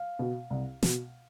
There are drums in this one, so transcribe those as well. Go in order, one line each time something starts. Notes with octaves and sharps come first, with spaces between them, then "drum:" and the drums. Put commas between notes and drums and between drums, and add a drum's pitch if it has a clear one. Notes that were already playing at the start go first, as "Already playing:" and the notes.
Already playing: F5
B2
C2
B2, drum: snare